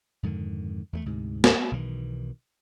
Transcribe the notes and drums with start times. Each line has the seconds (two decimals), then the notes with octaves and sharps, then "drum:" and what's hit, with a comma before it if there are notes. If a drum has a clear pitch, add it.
0.23 F2 G#2 D3 D#3
0.93 E2 G3 A3
1.05 D2 G#2 C3
1.44 drum: snare
1.71 B1 B2 D#3 E3